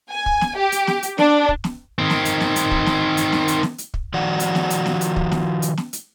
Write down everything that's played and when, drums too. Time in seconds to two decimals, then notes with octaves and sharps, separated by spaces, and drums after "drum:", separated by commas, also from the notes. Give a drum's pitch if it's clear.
0.11 G#5
0.26 drum: kick
0.41 drum: snare
0.57 G4
0.72 drum: hi-hat
0.87 drum: snare
1.03 drum: hi-hat
1.18 D4, drum: snare
1.49 drum: kick
1.64 drum: snare
1.99 D#3 C4
2.10 drum: snare
2.25 drum: hi-hat
2.40 drum: snare
2.56 drum: hi-hat
2.71 drum: kick
2.86 drum: snare
3.17 drum: hi-hat
3.32 drum: snare
3.48 drum: hi-hat
3.63 drum: snare
3.78 drum: hi-hat
3.94 drum: kick
4.14 D#3 F3 F#4 D5 F#5
4.40 drum: hi-hat
4.55 drum: snare
4.70 drum: hi-hat
4.86 drum: snare
5.01 drum: hi-hat
5.16 drum: kick
5.32 drum: snare
5.62 drum: hi-hat
5.77 drum: snare
5.93 drum: hi-hat